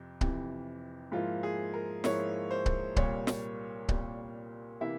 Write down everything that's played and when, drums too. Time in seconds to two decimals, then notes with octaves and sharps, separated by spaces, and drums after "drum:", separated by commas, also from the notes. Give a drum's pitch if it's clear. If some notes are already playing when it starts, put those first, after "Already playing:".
Already playing: F2 C3
0.21 F2 C3 E3, drum: kick C#1
1.12 G#2 F3 A#3 E4 F4
1.43 G#4
1.74 A#4
2.04 G#2 F3 A#3 E4 C#5, drum: snare
2.51 C5
2.66 drum: kick C#1
2.96 C2 A#2 G3 A#3 C#5, drum: kick C#1
3.27 drum: snare
3.89 C2 A#2 G3 A#3, drum: kick C#1
4.81 C3 E3 A#3 E4 E5